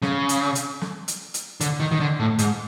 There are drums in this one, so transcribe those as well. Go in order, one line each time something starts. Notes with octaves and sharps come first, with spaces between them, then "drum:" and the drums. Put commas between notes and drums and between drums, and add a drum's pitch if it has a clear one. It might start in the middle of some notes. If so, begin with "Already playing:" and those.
C#3, drum: snare
drum: hi-hat
drum: hi-hat
drum: snare
drum: hi-hat
drum: hi-hat
D3, drum: hi-hat
D#3
D#3
D3
A2
G#2, drum: hi-hat